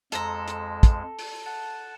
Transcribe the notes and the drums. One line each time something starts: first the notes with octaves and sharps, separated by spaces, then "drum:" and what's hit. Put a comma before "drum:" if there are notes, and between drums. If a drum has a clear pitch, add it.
F2 G#3 A4 A#5, drum: hi-hat
drum: hi-hat
drum: kick, hi-hat
drum: open hi-hat
F#5 A5